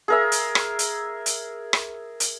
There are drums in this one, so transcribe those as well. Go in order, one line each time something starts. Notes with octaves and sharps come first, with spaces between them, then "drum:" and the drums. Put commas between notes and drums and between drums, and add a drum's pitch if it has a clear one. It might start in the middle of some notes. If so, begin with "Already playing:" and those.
G#4 A#4 E5
drum: hi-hat
drum: rim click
drum: hi-hat
drum: hi-hat
drum: rim click
drum: hi-hat